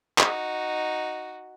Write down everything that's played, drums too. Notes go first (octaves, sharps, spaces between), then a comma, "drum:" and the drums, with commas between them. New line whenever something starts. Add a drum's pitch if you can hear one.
D#4 F#4, drum: clap